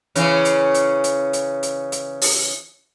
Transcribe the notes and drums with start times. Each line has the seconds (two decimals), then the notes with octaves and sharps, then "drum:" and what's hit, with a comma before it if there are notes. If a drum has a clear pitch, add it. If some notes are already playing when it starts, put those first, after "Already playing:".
0.15 C#3 E3 C#4, drum: hi-hat
0.45 drum: hi-hat
0.74 drum: hi-hat
1.04 drum: hi-hat
1.33 drum: hi-hat
1.63 drum: hi-hat
1.92 drum: hi-hat
2.22 drum: open hi-hat